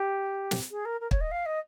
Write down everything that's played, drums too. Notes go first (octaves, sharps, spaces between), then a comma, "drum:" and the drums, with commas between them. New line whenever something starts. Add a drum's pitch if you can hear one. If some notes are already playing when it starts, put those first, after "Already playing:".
Already playing: G4
drum: snare
G#4
A#4
A#4
C#5, drum: kick
D#5
F5
D#5